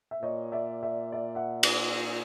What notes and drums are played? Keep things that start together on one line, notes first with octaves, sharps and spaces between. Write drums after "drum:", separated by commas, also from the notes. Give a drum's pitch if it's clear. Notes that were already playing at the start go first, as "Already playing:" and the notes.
E5
A#2 C#5 D#5
D5 E5
D5 E5
D5 E5
E5 F#5
drum: cymbal